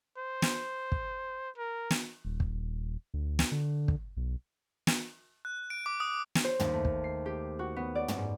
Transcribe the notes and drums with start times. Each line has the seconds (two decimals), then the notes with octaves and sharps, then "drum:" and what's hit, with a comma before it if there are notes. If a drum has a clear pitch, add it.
0.18 C5
0.42 drum: snare
0.92 drum: kick
1.57 A#4
1.91 drum: snare
2.25 D#1
2.40 drum: kick
3.14 D2
3.39 drum: snare
3.52 D3
3.88 drum: kick
4.17 B1
4.87 drum: snare
5.45 F#6
5.70 D7
5.86 D6
6.00 D#6
6.35 drum: snare
6.44 C5
6.60 D#2, drum: tom
6.74 A3
6.85 drum: kick
7.04 C7
7.26 G4
7.59 F#4
7.76 B3
7.95 D5
8.08 drum: tom
8.18 G#2